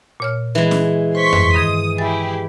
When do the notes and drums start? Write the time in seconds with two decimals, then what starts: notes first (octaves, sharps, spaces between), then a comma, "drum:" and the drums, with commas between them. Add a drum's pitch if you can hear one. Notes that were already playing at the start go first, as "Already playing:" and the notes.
0.20 A#2 C#5 F6
0.55 E3 G#3
0.71 drum: snare C#4
1.15 C5 C6 C#6 B6
1.33 drum: tom F2
1.55 G2 D#3 D#6 G#6
1.98 E4 G4 G#4 A6